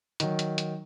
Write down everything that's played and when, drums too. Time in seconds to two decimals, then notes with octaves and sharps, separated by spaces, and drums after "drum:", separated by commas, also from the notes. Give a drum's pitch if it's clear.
0.20 D#3 F#3, drum: hi-hat
0.39 drum: hi-hat
0.58 drum: hi-hat